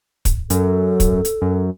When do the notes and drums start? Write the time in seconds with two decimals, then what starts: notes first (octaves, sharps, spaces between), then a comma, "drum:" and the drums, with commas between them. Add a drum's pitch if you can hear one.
0.25 drum: kick, hi-hat
0.50 F#2 A4, drum: hi-hat
1.00 drum: kick, hi-hat
1.25 drum: hi-hat
1.42 F#2